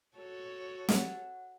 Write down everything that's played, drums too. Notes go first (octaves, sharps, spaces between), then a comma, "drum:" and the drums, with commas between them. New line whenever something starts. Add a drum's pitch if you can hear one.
F#4 A4 C#5
F#5, drum: snare